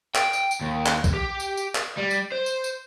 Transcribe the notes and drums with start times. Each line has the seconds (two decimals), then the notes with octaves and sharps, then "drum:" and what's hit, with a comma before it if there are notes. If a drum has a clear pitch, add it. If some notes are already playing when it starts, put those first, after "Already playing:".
0.15 G5, drum: clap
0.33 drum: tambourine
0.51 drum: tambourine
0.61 D#2
0.86 drum: clap
1.04 drum: kick B1, tambourine
1.14 G4
1.40 drum: tambourine
1.57 drum: tambourine
1.75 drum: clap
1.98 G3
2.11 drum: tambourine
2.32 C5
2.46 drum: tambourine
2.64 drum: tambourine